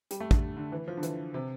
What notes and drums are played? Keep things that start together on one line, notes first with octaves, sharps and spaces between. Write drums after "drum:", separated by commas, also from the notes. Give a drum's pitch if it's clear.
G3, drum: hi-hat
A3
D3, drum: kick
D3
E3
F3
D3
E3, drum: hi-hat
C3